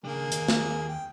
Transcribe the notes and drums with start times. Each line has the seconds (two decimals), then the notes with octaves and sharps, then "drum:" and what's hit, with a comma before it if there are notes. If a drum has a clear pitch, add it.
0.04 C#3 A#3 D4 G#4
0.32 D#2, drum: hi-hat
0.48 drum: snare
0.89 G5